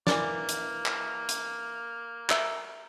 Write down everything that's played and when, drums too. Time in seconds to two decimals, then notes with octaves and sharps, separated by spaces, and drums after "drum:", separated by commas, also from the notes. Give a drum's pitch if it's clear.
0.07 E3 A#3 A#4 D5, drum: snare
0.49 drum: hi-hat
0.86 drum: clap
1.29 drum: hi-hat
2.30 A#4 E5 A#5, drum: clap